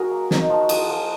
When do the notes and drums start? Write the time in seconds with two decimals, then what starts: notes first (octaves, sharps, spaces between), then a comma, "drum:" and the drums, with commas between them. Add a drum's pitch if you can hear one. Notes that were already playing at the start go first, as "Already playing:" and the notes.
Already playing: F#3 F#4 G#4 A#4
0.11 A#3
0.31 D#4, drum: snare
0.50 F3
0.60 F#4
0.69 F3 G#4, drum: cymbal
0.89 F3